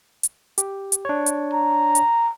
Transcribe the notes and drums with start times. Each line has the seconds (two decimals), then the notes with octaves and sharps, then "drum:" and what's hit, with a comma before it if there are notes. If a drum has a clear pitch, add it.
0.23 drum: hi-hat
0.58 G4, drum: hi-hat
0.92 drum: hi-hat
1.05 D4 C#5
1.26 drum: hi-hat
1.53 A#5
1.95 drum: hi-hat